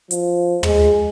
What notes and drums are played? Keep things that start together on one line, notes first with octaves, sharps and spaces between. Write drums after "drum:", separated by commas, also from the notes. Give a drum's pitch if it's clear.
F3, drum: hi-hat
G#3, drum: tom